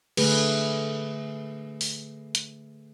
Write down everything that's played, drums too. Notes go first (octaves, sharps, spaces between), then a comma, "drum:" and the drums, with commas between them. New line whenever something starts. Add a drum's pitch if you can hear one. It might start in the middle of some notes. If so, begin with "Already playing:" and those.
D3 A3 G#4 B4, drum: cymbal
drum: open hi-hat
drum: hi-hat